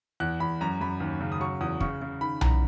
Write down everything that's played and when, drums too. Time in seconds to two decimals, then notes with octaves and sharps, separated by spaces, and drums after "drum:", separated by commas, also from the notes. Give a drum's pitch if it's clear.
0.20 E2 F#6
0.40 E2 B5
0.61 F#2 A#5
0.81 F#2 B5
1.00 D#2
1.21 C#3
1.32 D#6
1.40 F#3 C#6
1.61 E2 D#6
1.80 C#3 C#6, drum: kick
2.02 C#3
2.21 D#3 B5
2.41 E2 A#5, drum: tom B1